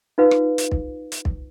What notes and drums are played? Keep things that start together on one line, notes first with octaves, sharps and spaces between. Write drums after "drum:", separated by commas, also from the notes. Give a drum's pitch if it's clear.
D#4 F4 B4 F5
drum: rim click
drum: hi-hat
drum: kick
drum: hi-hat
drum: kick